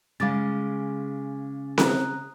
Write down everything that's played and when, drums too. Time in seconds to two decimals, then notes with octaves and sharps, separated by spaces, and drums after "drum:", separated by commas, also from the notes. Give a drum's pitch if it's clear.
0.20 C#3 G#3 F5 D6 A6
1.78 A#5 D#6 F#6, drum: snare C4